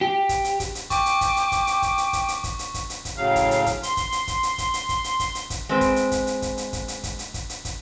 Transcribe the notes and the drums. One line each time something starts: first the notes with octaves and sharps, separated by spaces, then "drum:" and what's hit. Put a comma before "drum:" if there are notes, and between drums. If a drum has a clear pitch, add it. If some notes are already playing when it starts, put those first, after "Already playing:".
G4
drum: kick, hi-hat
drum: hi-hat
drum: kick, hi-hat
drum: hi-hat
G5 C#6 D6, drum: kick, hi-hat
drum: hi-hat
drum: kick, hi-hat
drum: hi-hat
drum: kick, hi-hat
drum: hi-hat
drum: kick, hi-hat
drum: hi-hat
drum: kick, hi-hat
drum: hi-hat
drum: kick, hi-hat
drum: hi-hat
drum: kick, hi-hat
drum: hi-hat
drum: kick, hi-hat
A2 C#3 F#3 F5
drum: kick, hi-hat
drum: hi-hat
drum: kick, hi-hat
C6, drum: hi-hat
drum: kick, hi-hat
drum: hi-hat
drum: kick, hi-hat
drum: hi-hat
drum: kick, hi-hat
drum: hi-hat
drum: kick, hi-hat
drum: hi-hat
drum: kick, hi-hat
drum: hi-hat
drum: kick, hi-hat
G#3 C4 B4
drum: kick, hi-hat
drum: hi-hat
drum: kick, hi-hat
drum: hi-hat
drum: kick, hi-hat
drum: hi-hat
drum: kick, hi-hat
drum: hi-hat
drum: kick, hi-hat
drum: hi-hat
drum: kick, hi-hat
drum: hi-hat
drum: kick, hi-hat